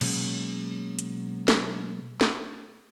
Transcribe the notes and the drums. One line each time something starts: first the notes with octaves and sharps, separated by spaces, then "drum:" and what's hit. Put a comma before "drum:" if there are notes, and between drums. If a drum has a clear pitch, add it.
B2 F#3 G#3 A#3 C#4, drum: cymbal
drum: hi-hat
drum: snare
drum: snare